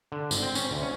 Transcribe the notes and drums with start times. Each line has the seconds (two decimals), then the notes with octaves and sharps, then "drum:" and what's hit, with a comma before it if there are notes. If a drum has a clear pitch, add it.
0.12 D3
0.31 G#1, drum: tambourine
0.42 C4
0.55 C#4, drum: tambourine
0.71 D2
0.83 C#4